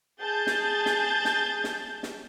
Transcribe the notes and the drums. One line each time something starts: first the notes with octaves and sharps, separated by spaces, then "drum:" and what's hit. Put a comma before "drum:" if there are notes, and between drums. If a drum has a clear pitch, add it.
G#4 A5 G6 A6
drum: snare
drum: snare
drum: snare
drum: snare
drum: snare